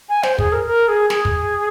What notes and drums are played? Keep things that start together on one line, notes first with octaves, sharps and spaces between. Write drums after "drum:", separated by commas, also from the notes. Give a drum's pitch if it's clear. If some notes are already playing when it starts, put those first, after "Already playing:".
G#5
C5, drum: snare
G#4, drum: kick
A#4
A#4
G#4
G#4, drum: snare
drum: kick